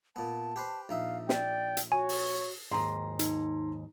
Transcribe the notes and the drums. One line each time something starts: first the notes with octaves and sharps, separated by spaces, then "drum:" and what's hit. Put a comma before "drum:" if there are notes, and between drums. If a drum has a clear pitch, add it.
A#2 B3 A5
G4 B4 C5
A#1 D#4 E5 F5
D5 G5, drum: snare
drum: hi-hat
F#4 C#5 G#5
drum: open hi-hat
D#2 G#2 A#5 C6
D#4, drum: hi-hat